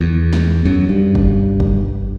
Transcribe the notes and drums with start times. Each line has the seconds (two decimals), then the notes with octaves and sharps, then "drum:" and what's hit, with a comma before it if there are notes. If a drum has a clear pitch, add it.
0.01 E2
0.33 drum: snare
0.65 F#2
0.89 G2
1.15 drum: kick
1.60 drum: kick